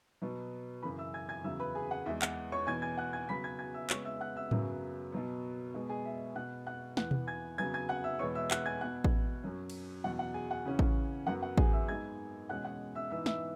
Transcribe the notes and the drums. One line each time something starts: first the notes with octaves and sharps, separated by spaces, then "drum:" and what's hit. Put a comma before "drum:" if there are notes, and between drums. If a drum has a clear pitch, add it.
B2 F#3 B3
F#2 C#3 E3 B4 B5
E5 E6
G#5 G#6
G#5 G#6
E2 C#3 F#3 E5 E6
B4 B5
G#4 G#5
F#5
E2 E3 G#3 E5
F#5, drum: clap
C#5 C#6
E2 B2 B3 G#5 G#6
G#5 G#6
F#5 F#6
G#5 G#6
C#3 F#3 B3 B5 B6
G#5 G#6
G#5 G#6
E5 E6
C#3 G#3 B3 C#5 C#6, drum: clap
E5 E6
F#5 F#6
E5 E6
F#2 C#3 F#3 B3, drum: tom G#2
B2 F#3 B3
B2 G#3 B3
G#4 G#5
E5
B2 B3 F#5 F#6
F#5 F#6
E2 E3 B3 F#5 F#6, drum: snare
drum: tom B2
G#5 G#6
C#3 F#3 B3 G#5 G#6
G#5 G#6
F#5 F#6
E5 E6
E2 B2 G#3 B3 C#5 C#6
E5 E6
F#5 F#6, drum: clap
G#5 G#6
B2 B3 F#5 F#6
drum: kick A1
F#2 F#3 C#4
drum: cymbal
E2 B2 F#3 F#5
F#5
G#4 G#5
F#5
C#3 E3 C#4
drum: kick A1
F#2 F#3 B3 F#5
F#5
G#4 G#5, drum: kick A1
E5 E6
G#2 G#3 B3 G#5 G#6
E2 B2 G#3 C#4 F#5 F#6
F#5 F#6
E5 E6
G#2 E3 B3 E5 E6
E5 E6, drum: snare